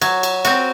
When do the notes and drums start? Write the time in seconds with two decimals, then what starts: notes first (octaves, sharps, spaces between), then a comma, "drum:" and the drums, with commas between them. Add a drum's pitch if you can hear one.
0.02 F#3, drum: cymbal
0.23 drum: cymbal
0.45 C4 F#4, drum: cymbal